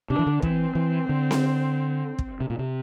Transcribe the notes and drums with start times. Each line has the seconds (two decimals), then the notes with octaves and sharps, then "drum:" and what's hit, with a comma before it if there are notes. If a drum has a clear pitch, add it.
0.10 C3 D4
0.19 E3
0.27 D3
0.42 E3 C4, drum: kick
0.75 E3
1.09 D3
1.31 drum: snare C4
2.19 drum: kick
2.41 C3
2.50 A#2
2.59 C3